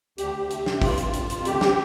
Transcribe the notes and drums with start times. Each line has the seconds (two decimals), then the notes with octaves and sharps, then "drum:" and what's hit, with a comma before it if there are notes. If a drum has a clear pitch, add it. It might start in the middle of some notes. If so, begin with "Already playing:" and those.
0.18 D2 G4, drum: hi-hat
0.35 D2
0.51 C3, drum: hi-hat
0.66 C3, drum: snare
0.82 G2 F4, drum: kick, open hi-hat
0.98 G2, drum: hi-hat
1.14 F2, drum: hi-hat
1.30 F2, drum: hi-hat
1.45 D2 G4, drum: hi-hat
1.61 drum: snare